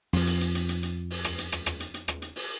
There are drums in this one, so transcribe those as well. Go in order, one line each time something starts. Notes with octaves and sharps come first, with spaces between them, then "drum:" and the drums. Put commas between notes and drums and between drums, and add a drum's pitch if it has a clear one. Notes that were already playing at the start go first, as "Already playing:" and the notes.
F2 F3, drum: open hi-hat
drum: hi-hat
drum: hi-hat
drum: hi-hat
drum: hi-hat
drum: hi-hat
drum: open hi-hat
drum: rim click
drum: hi-hat
drum: rim click
drum: rim click
drum: hi-hat
drum: hi-hat
drum: rim click
drum: hi-hat
drum: open hi-hat